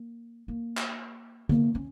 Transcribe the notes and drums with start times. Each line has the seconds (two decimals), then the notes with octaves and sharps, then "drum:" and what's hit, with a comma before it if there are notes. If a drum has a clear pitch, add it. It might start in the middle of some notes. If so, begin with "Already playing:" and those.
Already playing: A#3
0.48 A#3
0.77 drum: clap
1.49 A#3, drum: tom D3
1.75 C#4